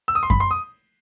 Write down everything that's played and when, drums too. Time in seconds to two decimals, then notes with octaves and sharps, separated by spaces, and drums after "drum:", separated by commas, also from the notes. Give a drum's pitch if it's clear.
0.08 E6
0.15 D#6
0.23 C6
0.30 B5, drum: kick F#2
0.40 C6
0.51 D#6